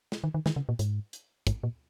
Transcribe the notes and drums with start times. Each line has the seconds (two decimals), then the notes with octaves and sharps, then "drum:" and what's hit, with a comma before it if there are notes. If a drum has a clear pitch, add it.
0.12 drum: snare
0.24 D#3
0.34 D#3
0.46 D#3, drum: snare
0.56 C#3
0.69 A#2
0.79 G#2, drum: hi-hat
1.13 drum: hi-hat
1.47 G#2, drum: kick, hi-hat
1.63 A#2